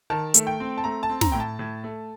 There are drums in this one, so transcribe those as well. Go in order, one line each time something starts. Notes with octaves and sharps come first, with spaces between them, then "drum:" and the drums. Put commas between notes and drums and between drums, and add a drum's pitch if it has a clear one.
D#3 A5
A3, drum: hi-hat
G5
C4
A5
A3 A#5
A5
C4
A#5, drum: snare
A2 G5
A5
A2
A3